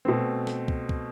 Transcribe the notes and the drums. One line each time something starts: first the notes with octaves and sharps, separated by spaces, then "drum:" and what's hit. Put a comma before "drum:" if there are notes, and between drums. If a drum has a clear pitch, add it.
B2 A3 C4
drum: snare
drum: kick
drum: kick